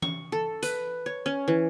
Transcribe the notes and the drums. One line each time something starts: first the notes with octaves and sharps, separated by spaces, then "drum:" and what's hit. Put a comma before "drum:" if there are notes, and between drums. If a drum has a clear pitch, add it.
C#6, drum: tom E3
A4
B4, drum: hi-hat
C#5
C#4
E3